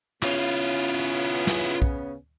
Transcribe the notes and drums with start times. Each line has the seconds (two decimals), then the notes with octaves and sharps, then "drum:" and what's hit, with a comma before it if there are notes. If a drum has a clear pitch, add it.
0.23 C#3 B3 C#4 E4 F4, drum: clap
1.47 drum: snare
1.82 drum: kick